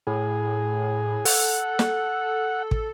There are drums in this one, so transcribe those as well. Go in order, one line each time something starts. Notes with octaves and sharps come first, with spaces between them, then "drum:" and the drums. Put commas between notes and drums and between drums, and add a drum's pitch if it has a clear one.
A2 G#4
A4 F#5, drum: open hi-hat
drum: snare
drum: kick